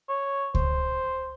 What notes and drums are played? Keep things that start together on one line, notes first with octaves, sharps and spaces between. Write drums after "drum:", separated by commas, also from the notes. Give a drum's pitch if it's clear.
C#5
C5, drum: kick C#2